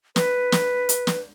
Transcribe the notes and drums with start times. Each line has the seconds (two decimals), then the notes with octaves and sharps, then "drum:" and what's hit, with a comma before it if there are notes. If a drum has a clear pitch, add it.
0.16 B4, drum: snare
0.52 drum: snare
0.89 drum: hi-hat
1.07 drum: snare